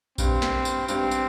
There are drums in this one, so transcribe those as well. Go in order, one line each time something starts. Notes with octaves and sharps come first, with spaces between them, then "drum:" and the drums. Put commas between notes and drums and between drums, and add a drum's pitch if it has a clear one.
G2 C4, drum: kick A#1, tambourine
drum: snare
drum: tambourine
G2 C4, drum: tambourine
drum: tambourine